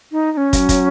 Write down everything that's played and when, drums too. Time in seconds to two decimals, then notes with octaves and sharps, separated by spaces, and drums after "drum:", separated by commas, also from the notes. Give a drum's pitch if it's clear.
0.12 D#4
0.32 D#4
0.37 C#4
0.53 F#3, drum: kick, hi-hat
0.69 drum: kick, hi-hat